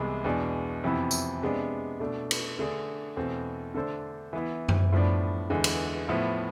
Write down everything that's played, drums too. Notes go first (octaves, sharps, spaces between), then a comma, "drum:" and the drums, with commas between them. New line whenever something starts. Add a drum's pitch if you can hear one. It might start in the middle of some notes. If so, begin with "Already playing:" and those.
Already playing: C2 C3 E3 G#3 B3
E2 B2 G#3 D4
F2 C3 E3 B3 E4
drum: tambourine
C3 G#3 B3 D4
B2 A3 D4
drum: cymbal
D3 A3 D4 G#4 D5
E2 B2 A3 C4
D3 A3 D4 A4 C5
E3 B3 E4
drum: tom F#2
A2 F3 B3 D4
E2 D3 G#3
drum: cymbal
A2 F3 B3 E4